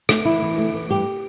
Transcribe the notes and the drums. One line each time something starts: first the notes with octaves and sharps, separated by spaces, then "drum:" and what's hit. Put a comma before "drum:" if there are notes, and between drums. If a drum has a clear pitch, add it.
A3, drum: rim click
E3 E4
E3
A3
E3
G2 G4